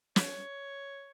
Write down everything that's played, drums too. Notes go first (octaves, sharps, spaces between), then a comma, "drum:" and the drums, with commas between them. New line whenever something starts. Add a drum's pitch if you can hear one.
C#5, drum: snare